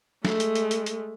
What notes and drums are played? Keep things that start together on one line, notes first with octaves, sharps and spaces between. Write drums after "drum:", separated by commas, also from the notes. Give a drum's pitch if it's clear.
G#3 A3, drum: snare
drum: hi-hat
drum: hi-hat
drum: hi-hat
drum: hi-hat